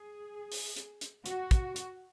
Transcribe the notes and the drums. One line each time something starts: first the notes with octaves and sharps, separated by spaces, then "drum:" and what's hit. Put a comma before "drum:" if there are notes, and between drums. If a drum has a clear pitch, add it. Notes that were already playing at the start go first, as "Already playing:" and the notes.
Already playing: G#4
drum: open hi-hat
drum: hi-hat
drum: hi-hat
F#4, drum: hi-hat
drum: kick, hi-hat
drum: hi-hat